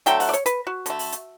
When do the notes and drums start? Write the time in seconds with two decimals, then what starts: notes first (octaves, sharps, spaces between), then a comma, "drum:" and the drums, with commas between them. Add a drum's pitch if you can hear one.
0.06 D3 F#3 A3 G5, drum: hi-hat
0.20 F#5, drum: open hi-hat
0.29 D5
0.33 C#5, drum: hi-hat
0.46 B4, drum: hi-hat
0.67 F#4
0.86 D3 A3, drum: hi-hat
0.99 drum: open hi-hat
1.12 drum: hi-hat